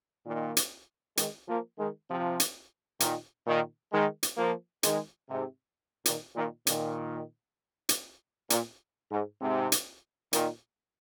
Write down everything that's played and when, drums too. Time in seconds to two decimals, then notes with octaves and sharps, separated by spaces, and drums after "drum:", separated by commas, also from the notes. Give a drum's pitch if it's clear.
0.26 A#2 D#3
0.57 drum: hi-hat
1.17 D#3 G#3, drum: hi-hat
1.48 F3 A#3
1.78 D#3 G#3
2.09 C3 F3
2.40 drum: hi-hat
3.00 A#2 D#3, drum: hi-hat
3.46 A#2 D#3
3.92 D#3 G#3
4.23 drum: hi-hat
4.37 F3 A#3
4.83 D#3 G#3, drum: hi-hat
5.29 G#2 C3
6.06 A#2 D#3, drum: hi-hat
6.36 A#2 D#3
6.67 A#2 D#3, drum: hi-hat
7.89 drum: hi-hat
8.50 A#2, drum: hi-hat
9.11 G#2
9.41 G#2 C3
9.72 drum: hi-hat
10.33 A#2 D#3, drum: hi-hat